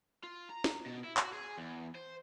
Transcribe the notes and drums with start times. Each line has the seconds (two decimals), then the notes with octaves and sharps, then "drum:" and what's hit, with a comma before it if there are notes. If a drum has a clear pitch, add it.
0.24 F4
0.50 A#5
0.64 drum: snare
0.86 B2
1.04 E4
1.17 F#4, drum: clap
1.33 G#4
1.58 E2
1.95 C5